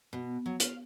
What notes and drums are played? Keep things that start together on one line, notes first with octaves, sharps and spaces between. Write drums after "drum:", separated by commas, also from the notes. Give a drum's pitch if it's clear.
B2
F#3
F5, drum: hi-hat